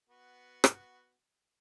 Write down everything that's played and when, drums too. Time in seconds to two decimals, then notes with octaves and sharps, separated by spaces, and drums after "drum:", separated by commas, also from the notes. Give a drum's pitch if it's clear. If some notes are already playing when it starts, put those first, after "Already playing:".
0.09 B3 F#4
0.64 drum: rim click